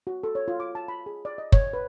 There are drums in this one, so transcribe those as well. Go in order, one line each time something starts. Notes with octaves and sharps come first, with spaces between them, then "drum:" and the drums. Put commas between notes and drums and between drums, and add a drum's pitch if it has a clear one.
F#4
A4
C#5
F4
D6
A5
B5
G#4
D5
D#5
C#5, drum: kick
B4